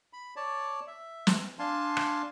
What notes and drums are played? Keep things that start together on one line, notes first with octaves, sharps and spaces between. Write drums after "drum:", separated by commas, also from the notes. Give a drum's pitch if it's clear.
B5
C#5 D5 A5
E5
drum: snare
D4 F5 G#5 A5 C6
drum: rim click